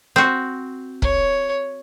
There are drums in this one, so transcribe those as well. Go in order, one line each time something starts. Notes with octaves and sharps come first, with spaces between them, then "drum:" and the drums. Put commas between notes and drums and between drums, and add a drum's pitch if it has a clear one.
C4 F#4
C#5, drum: kick